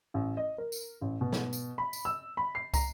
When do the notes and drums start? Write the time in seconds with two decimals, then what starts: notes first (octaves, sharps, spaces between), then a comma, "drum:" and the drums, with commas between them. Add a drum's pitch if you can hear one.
0.14 A1
0.37 D#5
0.58 A#4
0.72 drum: tambourine
1.01 A1
1.21 B2
1.33 drum: snare
1.53 drum: tambourine
1.78 B5
1.93 drum: tambourine
2.05 E6
2.37 B5
2.55 C7
2.74 A#5, drum: kick, tambourine